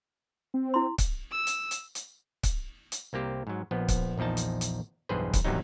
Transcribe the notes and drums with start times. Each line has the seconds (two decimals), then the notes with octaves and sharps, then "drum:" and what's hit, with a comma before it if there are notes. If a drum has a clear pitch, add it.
0.54 C4
0.74 E4 C6
0.98 drum: kick C#1, hi-hat
1.31 E6
1.47 drum: hi-hat
1.71 drum: hi-hat
1.95 drum: hi-hat
2.43 drum: kick C#1, hi-hat
2.92 drum: hi-hat
3.13 C2 A#3 C4 G4
3.47 G#2 F#3
3.71 A#1 F3 B3
3.88 drum: kick C#1, hi-hat
4.18 A#1 E2 F3 D#4 A5
4.37 drum: hi-hat
4.61 drum: hi-hat
5.09 B1 E2 G2 G#4 B4 C5
5.34 drum: kick C#1, hi-hat
5.45 G#1 E2 G2 C3 F#3 D#4